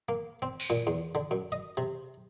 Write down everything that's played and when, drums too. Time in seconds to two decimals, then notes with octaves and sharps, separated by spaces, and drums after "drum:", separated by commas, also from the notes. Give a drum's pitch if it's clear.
0.09 A#3
0.42 C4
0.60 drum: tambourine
0.70 A#2
0.87 E2
1.15 D3
1.31 F#2
1.52 D#5
1.77 C3